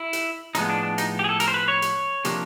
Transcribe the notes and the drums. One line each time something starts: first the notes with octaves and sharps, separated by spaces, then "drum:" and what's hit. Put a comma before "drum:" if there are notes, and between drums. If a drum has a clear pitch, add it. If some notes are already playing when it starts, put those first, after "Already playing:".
Already playing: E4
drum: hi-hat
A2 F3 G#3 B3 D#4, drum: hi-hat
D4
D4
D#4, drum: hi-hat
G4
G#4
A4
A#4, drum: hi-hat
C5
B4
C#5
drum: hi-hat
C3 F3 A#3 D4, drum: hi-hat